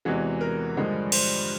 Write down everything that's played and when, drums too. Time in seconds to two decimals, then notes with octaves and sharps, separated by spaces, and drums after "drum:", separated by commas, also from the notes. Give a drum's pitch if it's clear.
0.05 E2 C3 E3 G#3 F#4
0.41 A#4
0.77 G2 D3 F3 G#3
1.12 C5, drum: cymbal